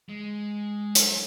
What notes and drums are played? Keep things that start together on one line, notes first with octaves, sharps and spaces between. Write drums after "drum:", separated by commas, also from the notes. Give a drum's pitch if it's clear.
G#3
F#3, drum: hi-hat